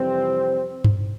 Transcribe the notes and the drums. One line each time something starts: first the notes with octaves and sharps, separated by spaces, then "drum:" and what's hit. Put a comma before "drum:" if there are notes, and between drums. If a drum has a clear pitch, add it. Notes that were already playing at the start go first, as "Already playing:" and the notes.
Already playing: F2 C3 E3 G3 C4 C5
drum: tom G2